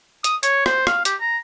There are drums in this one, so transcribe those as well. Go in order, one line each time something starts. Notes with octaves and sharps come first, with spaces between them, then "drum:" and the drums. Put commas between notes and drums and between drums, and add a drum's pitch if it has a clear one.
D#6, drum: hi-hat
C#5, drum: hi-hat
C5, drum: rim click
F5, drum: rim click
G4, drum: hi-hat
A#5